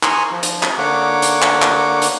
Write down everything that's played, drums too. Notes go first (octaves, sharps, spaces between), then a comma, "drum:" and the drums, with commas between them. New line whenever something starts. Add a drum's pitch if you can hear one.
G#5 A#5 C6 C#6 D#6 E6, drum: clap
F3
drum: hi-hat
drum: clap
D3 A#3 C#5 F#5 D6
drum: hi-hat
drum: clap
drum: clap
drum: hi-hat